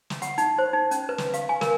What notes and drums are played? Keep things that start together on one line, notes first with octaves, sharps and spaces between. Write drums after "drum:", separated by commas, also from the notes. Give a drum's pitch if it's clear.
drum: snare
F#5, drum: hi-hat
D#4, drum: hi-hat
C5
D#4
C#4, drum: hi-hat
B4
drum: snare
F5, drum: hi-hat
G#5
A#4, drum: snare